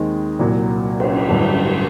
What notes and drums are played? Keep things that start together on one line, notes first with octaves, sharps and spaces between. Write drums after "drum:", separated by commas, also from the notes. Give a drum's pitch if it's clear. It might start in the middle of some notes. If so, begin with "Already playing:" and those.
Already playing: D#2 D#3 G#3 C4
C2 A#2 F#3
drum: cymbal
A1 G2 D3 F#3